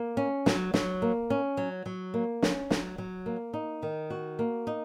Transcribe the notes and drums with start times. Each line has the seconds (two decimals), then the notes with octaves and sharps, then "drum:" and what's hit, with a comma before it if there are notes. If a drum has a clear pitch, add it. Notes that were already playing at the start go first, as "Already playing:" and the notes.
Already playing: A#3
0.17 C#4
0.46 F#3, drum: snare
0.74 F#3, drum: snare
1.02 A#3
1.30 C#4
1.57 F#3
1.86 F#3
2.14 A#3
2.42 C#4, drum: snare
2.71 F#3, drum: snare
2.98 F#3
3.26 A#3
3.54 D#4
3.83 D#3
4.10 F#4
4.39 A#3
4.67 D#4